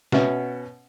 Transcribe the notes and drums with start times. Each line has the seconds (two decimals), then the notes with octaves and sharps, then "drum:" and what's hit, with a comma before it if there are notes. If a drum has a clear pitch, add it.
0.12 B2 B3 C#4 E5, drum: snare